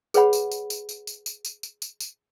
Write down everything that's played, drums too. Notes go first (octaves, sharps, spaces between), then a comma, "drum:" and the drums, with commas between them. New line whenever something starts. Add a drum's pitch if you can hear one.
G#4 B4 C#5 F#5 B5, drum: tambourine
drum: tambourine
drum: tambourine
drum: tambourine
drum: tambourine
drum: tambourine
drum: tambourine
drum: tambourine
drum: tambourine
drum: tambourine
drum: tambourine